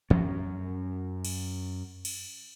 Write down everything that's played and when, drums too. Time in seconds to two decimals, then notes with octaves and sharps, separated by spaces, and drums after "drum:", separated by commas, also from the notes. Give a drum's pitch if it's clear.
0.10 F#2 C#4, drum: tom E3
1.25 drum: cymbal
2.05 drum: cymbal